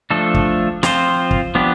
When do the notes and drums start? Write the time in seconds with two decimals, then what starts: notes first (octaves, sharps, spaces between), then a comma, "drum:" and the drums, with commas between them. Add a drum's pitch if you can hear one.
0.10 F3 A3 D4 A4
0.34 drum: kick
0.83 F3 C4 F4 C5, drum: snare
1.31 drum: kick
1.55 F3 B3 D4 G4 B4